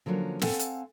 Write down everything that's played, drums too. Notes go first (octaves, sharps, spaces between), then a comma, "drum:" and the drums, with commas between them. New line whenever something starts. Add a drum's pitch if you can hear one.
D3 F3 F#3 A#3 C#4
C4 A4 F5 F#5 G#5, drum: snare
drum: hi-hat